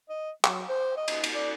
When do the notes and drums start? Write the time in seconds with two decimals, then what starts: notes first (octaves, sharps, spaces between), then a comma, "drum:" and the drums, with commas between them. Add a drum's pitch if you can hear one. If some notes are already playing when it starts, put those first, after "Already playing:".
0.09 D#5
0.44 F#3, drum: clap
0.69 C5
0.97 D#5
1.08 drum: cymbal
1.24 drum: cymbal
1.35 D5